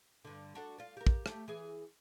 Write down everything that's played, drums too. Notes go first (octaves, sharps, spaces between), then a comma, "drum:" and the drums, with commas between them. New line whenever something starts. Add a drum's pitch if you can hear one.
G2 D3
D4 F#4 A4
F4 D5
G4 A#4
drum: kick
A3 G4, drum: rim click
E3 G#4